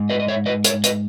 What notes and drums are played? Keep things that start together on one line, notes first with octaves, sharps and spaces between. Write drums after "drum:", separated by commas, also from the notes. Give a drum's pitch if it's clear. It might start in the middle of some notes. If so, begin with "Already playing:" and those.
Already playing: G#2
B4 D#5
D#5
C#5 E5
B4 D#5
A#4 C#5, drum: hi-hat
B4 D#5, drum: hi-hat